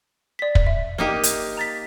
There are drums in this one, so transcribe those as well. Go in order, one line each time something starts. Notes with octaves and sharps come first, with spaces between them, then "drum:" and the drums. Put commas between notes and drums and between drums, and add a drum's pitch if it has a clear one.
D5 B6
drum: kick
E5
A#3 D#4 G4 A#4
drum: hi-hat
A#5 A6 B6